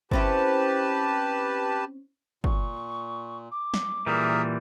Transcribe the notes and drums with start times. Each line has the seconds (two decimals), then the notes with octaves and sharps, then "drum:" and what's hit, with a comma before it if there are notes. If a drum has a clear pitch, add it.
0.11 C4 C#4 E4 G4 B4 A5, drum: kick
2.44 A#2 C#6, drum: kick
3.51 D6
3.74 drum: snare
4.06 A#2 E3 G3 G#4 A#4 E5